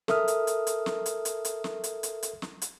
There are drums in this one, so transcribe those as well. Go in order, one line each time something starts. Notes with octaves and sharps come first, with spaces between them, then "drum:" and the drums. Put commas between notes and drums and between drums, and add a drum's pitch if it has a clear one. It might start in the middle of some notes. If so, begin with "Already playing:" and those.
A4 A#4 E5 D#6 F6, drum: snare
drum: hi-hat
drum: hi-hat
drum: hi-hat
drum: snare
drum: hi-hat
drum: hi-hat
drum: hi-hat
drum: snare
drum: hi-hat
drum: hi-hat
drum: hi-hat
drum: snare
drum: hi-hat